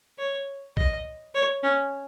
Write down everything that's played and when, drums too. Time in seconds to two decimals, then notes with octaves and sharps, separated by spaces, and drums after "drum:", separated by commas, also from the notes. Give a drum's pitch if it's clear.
0.18 C#5
0.77 D#5, drum: kick A#1
1.34 C#5
1.63 C#4